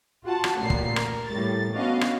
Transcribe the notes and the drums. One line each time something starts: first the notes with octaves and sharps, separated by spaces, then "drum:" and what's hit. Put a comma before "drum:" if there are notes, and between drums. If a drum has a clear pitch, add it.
F4 F#4 F#5 A5
drum: rim click
A1 A#2 C7
drum: kick
A#4, drum: rim click
A2 G3 A6
B3 C#4 D4 F#4 D#5 F5
drum: rim click